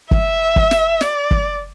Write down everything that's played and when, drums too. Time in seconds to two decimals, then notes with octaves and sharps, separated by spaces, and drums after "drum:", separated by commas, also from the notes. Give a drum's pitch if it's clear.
0.11 E5, drum: kick
0.56 drum: kick
0.71 drum: snare
1.01 D5, drum: snare
1.31 drum: kick